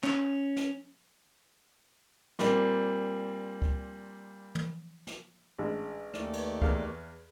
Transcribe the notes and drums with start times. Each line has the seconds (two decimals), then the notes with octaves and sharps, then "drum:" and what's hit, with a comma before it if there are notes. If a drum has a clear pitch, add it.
0.03 C#4, drum: clap
0.56 drum: snare
2.39 A#2 G3 A#3 C4, drum: snare
3.62 drum: kick C#2
4.55 drum: tom
5.07 drum: snare
5.59 A1 G#3 D4
6.14 D#2 A3 D5, drum: rim click
6.33 drum: cymbal
6.62 E2 A4 F5, drum: kick C#2